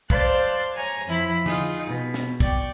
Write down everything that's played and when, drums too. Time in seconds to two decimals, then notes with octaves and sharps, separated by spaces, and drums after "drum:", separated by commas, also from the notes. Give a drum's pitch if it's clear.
0.10 C5 D5 F5 A5 C6 F#6, drum: kick
0.74 C#5 G#5 A#5 G#6
1.05 F2 F3 E4 B5
1.46 D#4 F4 G#4, drum: tom D3
1.87 B2
2.14 drum: snare
2.40 D5 G5 C#6, drum: kick